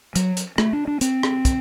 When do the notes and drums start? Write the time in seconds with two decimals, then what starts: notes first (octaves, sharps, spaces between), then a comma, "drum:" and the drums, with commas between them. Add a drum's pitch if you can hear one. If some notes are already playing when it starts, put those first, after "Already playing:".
0.16 F#3, drum: hi-hat
0.37 drum: hi-hat
0.58 A3, drum: rim click
0.73 D4
0.87 D4
1.01 C4, drum: hi-hat
1.23 drum: rim click
1.45 drum: kick, hi-hat